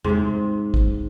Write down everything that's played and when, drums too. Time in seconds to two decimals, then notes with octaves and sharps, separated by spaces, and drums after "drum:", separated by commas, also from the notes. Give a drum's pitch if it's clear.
0.04 G#2 C3, drum: tom E2
0.74 drum: kick